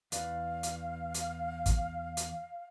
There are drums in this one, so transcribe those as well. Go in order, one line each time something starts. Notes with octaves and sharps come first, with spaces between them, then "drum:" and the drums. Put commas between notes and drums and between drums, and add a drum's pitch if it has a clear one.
E2 B4 D5 F5, drum: hi-hat
drum: hi-hat
drum: hi-hat
drum: kick, hi-hat
drum: hi-hat